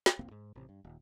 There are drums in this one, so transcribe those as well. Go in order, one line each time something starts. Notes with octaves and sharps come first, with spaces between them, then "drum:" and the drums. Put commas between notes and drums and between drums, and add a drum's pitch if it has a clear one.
drum: snare
F1 C2 A#3 C4
G#2
A1 C3
G2
D#1